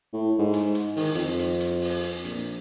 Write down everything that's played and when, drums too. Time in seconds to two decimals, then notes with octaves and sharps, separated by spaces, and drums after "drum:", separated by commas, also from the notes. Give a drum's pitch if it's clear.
0.13 A2
0.38 G#2
0.53 drum: hi-hat
0.75 drum: hi-hat
0.96 D#3, drum: open hi-hat
1.15 F2, drum: hi-hat
1.39 drum: hi-hat
1.60 drum: hi-hat
1.82 drum: open hi-hat
2.03 drum: hi-hat
2.25 A#1, drum: hi-hat